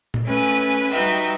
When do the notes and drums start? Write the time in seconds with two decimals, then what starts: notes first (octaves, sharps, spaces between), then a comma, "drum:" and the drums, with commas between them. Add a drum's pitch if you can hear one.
0.14 drum: tom A#2
0.25 A3 C#4 B4 G#5
0.90 G3 D#4 F#4 B4 E5 G5